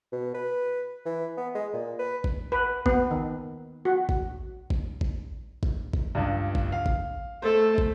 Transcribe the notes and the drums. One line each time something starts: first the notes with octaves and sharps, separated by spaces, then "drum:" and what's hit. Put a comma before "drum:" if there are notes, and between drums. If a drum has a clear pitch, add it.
B2
B4
E3
B3
G#3
A#2
B4
drum: kick
B4
B3, drum: kick
D#3
F#4
drum: kick
drum: kick
drum: kick
drum: kick
drum: kick
C#2 G2
drum: kick
F5
drum: kick
A3 A4 C5
drum: kick